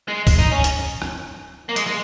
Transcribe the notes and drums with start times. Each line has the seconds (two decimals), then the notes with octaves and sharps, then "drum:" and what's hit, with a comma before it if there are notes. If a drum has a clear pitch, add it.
0.08 G#3
0.27 drum: kick, open hi-hat
0.39 D#4
0.52 C#4
0.64 drum: hi-hat
1.02 drum: rim click
1.69 A#3
1.76 G#3, drum: hi-hat
1.87 G#3